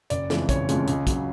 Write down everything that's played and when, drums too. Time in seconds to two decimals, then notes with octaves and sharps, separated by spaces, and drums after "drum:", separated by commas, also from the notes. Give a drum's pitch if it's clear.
0.10 F#1 D5, drum: hi-hat
0.30 F2 C#3 E3 G#3, drum: snare
0.49 F#1 C#5, drum: kick, hi-hat
0.69 F2 C#3 E3 G#3, drum: hi-hat
0.87 C#2, drum: hi-hat
1.07 C#3 F#3, drum: kick, hi-hat